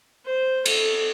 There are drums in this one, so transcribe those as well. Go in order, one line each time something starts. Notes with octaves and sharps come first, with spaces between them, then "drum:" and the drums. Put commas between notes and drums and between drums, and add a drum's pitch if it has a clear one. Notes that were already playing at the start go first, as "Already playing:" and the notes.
C5
A4, drum: cymbal